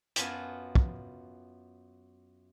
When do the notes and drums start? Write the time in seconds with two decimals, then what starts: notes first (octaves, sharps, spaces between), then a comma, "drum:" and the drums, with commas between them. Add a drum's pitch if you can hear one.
0.16 F#2 B3 F4 F#4 G#5 A5, drum: hi-hat
0.75 drum: kick